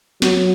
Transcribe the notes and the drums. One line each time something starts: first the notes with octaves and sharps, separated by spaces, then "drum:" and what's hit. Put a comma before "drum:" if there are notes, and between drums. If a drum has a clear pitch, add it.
F#3, drum: snare